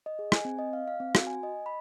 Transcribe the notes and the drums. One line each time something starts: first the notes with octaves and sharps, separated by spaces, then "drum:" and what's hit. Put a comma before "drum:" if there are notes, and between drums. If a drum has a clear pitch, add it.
D#5
G#4
G#5, drum: rim click
C4
D#5
F5
F5
C4
F#4, drum: rim click
G#5
D#5
B5